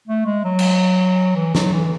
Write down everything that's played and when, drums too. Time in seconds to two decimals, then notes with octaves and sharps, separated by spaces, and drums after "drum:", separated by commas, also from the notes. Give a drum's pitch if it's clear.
0.08 A3
0.26 G#3
0.45 F#3
0.59 drum: cymbal
1.36 E3
1.55 F#3, drum: snare
1.73 E3